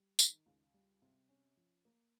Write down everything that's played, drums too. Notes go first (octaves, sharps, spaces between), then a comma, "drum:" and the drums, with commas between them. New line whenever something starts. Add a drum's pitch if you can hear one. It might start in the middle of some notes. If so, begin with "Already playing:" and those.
Already playing: G3
D#3, drum: tambourine
C#2
G3
C3
C#4
F3
A#3